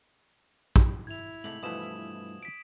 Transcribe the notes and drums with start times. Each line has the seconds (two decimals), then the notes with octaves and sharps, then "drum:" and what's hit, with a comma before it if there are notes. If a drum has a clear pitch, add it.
0.76 drum: kick
1.07 E4 G#6 F7
1.44 G#2 C3 A3 F#7
1.63 G2 B2 E3 F3 A3 D#6 E7
2.43 B6 D7